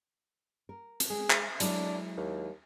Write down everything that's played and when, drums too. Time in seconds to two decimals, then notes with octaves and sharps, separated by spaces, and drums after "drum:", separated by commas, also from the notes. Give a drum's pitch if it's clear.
0.69 A#4
1.00 drum: hi-hat
1.10 G#3 G#4
1.30 drum: clap
1.60 F#3 G#3 D4 E4, drum: hi-hat
2.17 D#2